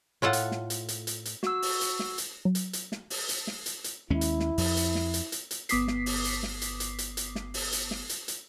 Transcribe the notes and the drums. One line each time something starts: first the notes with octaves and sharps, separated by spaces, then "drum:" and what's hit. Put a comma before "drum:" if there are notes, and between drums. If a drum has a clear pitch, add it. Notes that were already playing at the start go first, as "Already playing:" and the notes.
A2 F4 A4 F#5
drum: hi-hat
drum: snare
drum: hi-hat
drum: hi-hat
drum: hi-hat
drum: hi-hat
F#4 E6, drum: snare
drum: open hi-hat
drum: hi-hat
drum: snare
drum: hi-hat
F#3
drum: hi-hat
drum: hi-hat
drum: snare
drum: open hi-hat
drum: hi-hat
drum: snare
drum: hi-hat
drum: hi-hat
D#2 G#3 C#4 E4
drum: hi-hat
drum: snare
F2, drum: open hi-hat
drum: hi-hat
drum: snare
drum: hi-hat
drum: hi-hat
drum: hi-hat
G1 B3 D6 D#6 B6 C7, drum: hi-hat
drum: snare
drum: open hi-hat
drum: hi-hat
drum: snare
drum: hi-hat
drum: hi-hat
drum: hi-hat
drum: hi-hat
drum: snare
drum: open hi-hat
drum: hi-hat
drum: snare
drum: hi-hat
drum: hi-hat